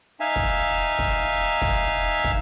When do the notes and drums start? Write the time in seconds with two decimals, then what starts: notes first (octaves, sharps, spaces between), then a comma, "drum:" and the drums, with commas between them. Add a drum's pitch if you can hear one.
0.20 D#4 E5 F5 G#5
0.36 drum: kick
0.99 drum: kick
1.61 drum: kick
2.24 drum: kick